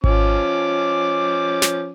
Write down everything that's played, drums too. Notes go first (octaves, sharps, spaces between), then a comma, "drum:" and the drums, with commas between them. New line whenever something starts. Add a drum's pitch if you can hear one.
F3 C#4 D6, drum: kick G#1
drum: snare